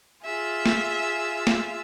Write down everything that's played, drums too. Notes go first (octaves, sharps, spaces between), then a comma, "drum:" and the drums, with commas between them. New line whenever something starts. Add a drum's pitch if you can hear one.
F4 G#4 E5
drum: snare
drum: snare